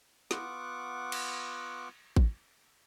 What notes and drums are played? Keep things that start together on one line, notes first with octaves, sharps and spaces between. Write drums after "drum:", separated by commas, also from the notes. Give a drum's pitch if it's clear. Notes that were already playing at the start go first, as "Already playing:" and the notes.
B3 F4 F#5 C#6 D6, drum: snare
drum: cymbal
drum: kick A1